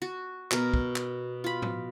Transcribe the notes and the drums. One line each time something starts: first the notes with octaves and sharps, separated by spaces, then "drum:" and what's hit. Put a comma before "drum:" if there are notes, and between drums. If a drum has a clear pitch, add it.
F#4
B2 A#4, drum: clap
drum: kick
drum: clap
F4 B5
drum: tom A2